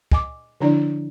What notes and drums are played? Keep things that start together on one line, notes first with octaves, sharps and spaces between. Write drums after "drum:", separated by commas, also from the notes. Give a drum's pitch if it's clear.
D#5 G#5 D6, drum: kick
D3 F3 D4 E4 D5